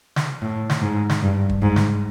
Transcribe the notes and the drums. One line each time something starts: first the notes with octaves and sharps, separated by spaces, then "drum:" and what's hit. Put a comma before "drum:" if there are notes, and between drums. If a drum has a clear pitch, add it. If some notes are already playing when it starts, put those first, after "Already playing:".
drum: snare
A2
drum: snare
G#2
drum: snare
G2
drum: kick
G#2
drum: snare